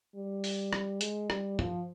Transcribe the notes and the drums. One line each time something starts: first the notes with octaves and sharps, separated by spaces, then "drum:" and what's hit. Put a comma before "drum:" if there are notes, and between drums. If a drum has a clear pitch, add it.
G3
drum: open hi-hat
drum: rim click
G#3, drum: hi-hat
G3, drum: rim click
F3, drum: tom